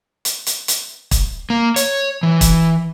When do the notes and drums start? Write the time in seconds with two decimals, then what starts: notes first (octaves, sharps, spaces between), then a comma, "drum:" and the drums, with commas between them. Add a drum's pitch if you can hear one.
0.25 drum: hi-hat
0.47 drum: hi-hat
0.68 drum: hi-hat
1.11 drum: kick, hi-hat
1.50 A#3
1.76 C#5, drum: hi-hat
2.23 E3
2.41 drum: kick, hi-hat